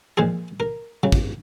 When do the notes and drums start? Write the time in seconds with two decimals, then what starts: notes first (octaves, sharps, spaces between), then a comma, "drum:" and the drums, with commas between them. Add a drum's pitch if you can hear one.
0.17 A#2 F3 G#3 G#4
0.60 A#4
1.03 C#3 F#3
1.12 drum: kick